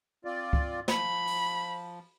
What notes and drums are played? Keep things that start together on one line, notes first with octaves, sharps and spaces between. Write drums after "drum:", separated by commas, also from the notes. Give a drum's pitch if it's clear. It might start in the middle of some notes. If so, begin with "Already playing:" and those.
C4 F4 D5
drum: kick
F3 B5, drum: snare
drum: open hi-hat